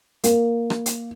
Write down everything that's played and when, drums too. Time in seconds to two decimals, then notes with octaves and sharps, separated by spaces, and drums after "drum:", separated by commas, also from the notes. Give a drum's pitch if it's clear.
0.24 A#3, drum: hi-hat
0.70 drum: rim click
0.86 drum: hi-hat